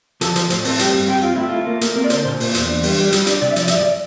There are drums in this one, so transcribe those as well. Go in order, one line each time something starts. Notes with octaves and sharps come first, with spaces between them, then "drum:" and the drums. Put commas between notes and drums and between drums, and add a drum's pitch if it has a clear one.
F3 A4, drum: hi-hat
F3 C5, drum: hi-hat
A2 C5, drum: hi-hat
C4 A4, drum: open hi-hat
G3 G4, drum: hi-hat
G2
C4 G4
C4 F4
A3 E4
A3 F4
A#3
A#3, drum: hi-hat
C4 A#4
D5
D3 C5, drum: hi-hat
A#2 C5
A#2, drum: open hi-hat
E2, drum: hi-hat
D4
G3, drum: open hi-hat
G3
G3, drum: hi-hat
D4, drum: hi-hat
C3 D5
E5
F3 D5, drum: hi-hat
G2 E5, drum: hi-hat
D5